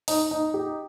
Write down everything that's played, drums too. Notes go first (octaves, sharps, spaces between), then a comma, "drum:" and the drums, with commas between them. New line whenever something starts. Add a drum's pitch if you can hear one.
D#4, drum: open hi-hat
D#4
G4